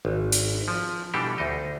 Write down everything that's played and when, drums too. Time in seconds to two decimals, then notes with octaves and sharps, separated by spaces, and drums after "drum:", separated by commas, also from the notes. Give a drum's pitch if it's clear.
0.05 G#1
0.32 drum: hi-hat
0.68 F3
1.14 B2 E3 G3 D4 G4 A4
1.38 D2 D#4 D#5